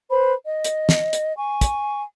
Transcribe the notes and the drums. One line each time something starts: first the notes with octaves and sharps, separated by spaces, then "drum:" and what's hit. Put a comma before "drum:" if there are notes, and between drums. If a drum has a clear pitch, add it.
B4 C5 B5
D#5
drum: hi-hat
drum: snare
drum: hi-hat
G#5 C#6
drum: kick, hi-hat